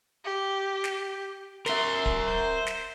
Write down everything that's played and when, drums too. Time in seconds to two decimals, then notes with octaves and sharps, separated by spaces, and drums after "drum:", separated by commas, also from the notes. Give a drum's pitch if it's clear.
0.24 G4
0.84 drum: snare
1.66 A#4 E5 C6, drum: snare
2.06 drum: kick D1
2.26 C5
2.67 drum: snare